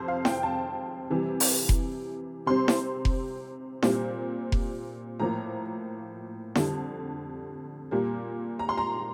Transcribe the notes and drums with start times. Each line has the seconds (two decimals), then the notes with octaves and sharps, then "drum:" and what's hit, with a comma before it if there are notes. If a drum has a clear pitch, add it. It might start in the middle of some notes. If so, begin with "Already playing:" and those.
Already playing: F2 C3 C5
0.08 F5
0.25 G5, drum: snare E4
0.43 A5
1.10 C3 E3 G3
1.40 drum: open hi-hat
1.69 drum: kick F1
2.46 C3 G3 C4 C6
2.68 drum: snare E4
3.05 drum: kick F1
3.82 A#2 G3 C4, drum: snare E4
4.52 drum: kick F1
5.20 A2 F3 A#3 A#5
6.55 F2 D3 G3, drum: snare E4
7.91 A#2 G3 A#3
8.59 A#5
8.69 C6
8.78 A#5